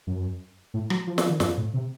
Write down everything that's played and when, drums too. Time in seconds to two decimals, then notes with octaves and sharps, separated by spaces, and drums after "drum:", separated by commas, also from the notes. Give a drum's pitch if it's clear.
0.07 F#2
0.74 A2
0.90 F#3, drum: rim click
1.07 F3
1.18 F3, drum: snare
1.29 D#3
1.40 F#2, drum: snare
1.57 A2
1.74 C3